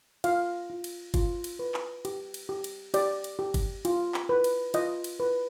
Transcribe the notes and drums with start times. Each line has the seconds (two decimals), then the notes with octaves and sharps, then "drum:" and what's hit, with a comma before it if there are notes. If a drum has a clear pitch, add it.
0.24 F4 F5, drum: cymbal
0.70 F4
0.84 drum: cymbal
1.14 F4, drum: kick, cymbal
1.44 drum: cymbal
1.59 B4
1.74 drum: clap
2.05 G4, drum: cymbal
2.34 drum: cymbal
2.49 G4
2.64 drum: cymbal
2.94 G4 D5, drum: cymbal
3.24 drum: cymbal
3.39 G4
3.54 drum: kick, cymbal
3.85 F4, drum: cymbal
4.14 drum: clap
4.29 B4
4.44 drum: cymbal
4.74 F4 D#5, drum: cymbal
5.04 drum: cymbal
5.20 B4